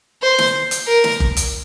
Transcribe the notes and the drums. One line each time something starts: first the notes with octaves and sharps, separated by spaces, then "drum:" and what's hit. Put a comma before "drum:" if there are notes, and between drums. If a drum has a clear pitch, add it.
C5
drum: snare
drum: hi-hat
A#4
drum: snare
drum: kick F#1
drum: hi-hat